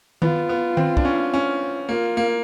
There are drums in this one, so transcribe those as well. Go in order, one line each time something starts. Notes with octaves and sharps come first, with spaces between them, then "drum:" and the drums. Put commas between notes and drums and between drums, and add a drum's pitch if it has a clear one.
B3 F4, drum: tom D#3
B3
C4, drum: tom D#3
D4, drum: kick
C#4
C#4
A#3 F4
A#3